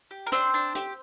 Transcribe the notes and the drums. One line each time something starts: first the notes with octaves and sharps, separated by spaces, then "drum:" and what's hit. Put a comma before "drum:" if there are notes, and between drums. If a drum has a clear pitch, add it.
G4
A#4
C4 D4 C5, drum: hi-hat
D4
G4, drum: hi-hat